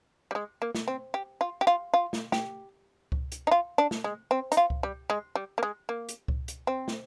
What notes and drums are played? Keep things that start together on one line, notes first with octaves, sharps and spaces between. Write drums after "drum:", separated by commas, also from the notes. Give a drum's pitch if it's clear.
G3
G#3
A#3
drum: snare
C4
G4
F4
G4
F4
F4
drum: snare
G4, drum: snare
drum: kick C#2
drum: hi-hat
D#4
F4
D4
drum: snare
G#3
C4
D#4, drum: hi-hat
F4
drum: kick C#2
G3
G#3
G3
A#3
G#3
A#3
drum: hi-hat
drum: kick C#2
drum: hi-hat
C4
drum: snare